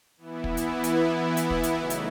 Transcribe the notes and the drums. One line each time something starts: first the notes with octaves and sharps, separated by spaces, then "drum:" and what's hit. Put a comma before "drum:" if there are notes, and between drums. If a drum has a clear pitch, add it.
E3 B3 E4
drum: kick
drum: hi-hat
drum: hi-hat
drum: hi-hat
drum: kick
drum: hi-hat
C#3 F#3 A3 D#4
drum: hi-hat